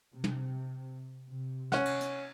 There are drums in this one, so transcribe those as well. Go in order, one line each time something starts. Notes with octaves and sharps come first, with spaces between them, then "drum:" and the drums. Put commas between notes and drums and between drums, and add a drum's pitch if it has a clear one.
C3
drum: tom
C3
C#4 F#5, drum: snare
drum: cymbal
drum: hi-hat